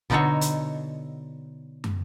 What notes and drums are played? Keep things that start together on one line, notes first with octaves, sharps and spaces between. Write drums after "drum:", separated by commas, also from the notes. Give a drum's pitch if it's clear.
B2 D3 D#4 F#4 A4 C#5, drum: kick
drum: hi-hat
drum: tom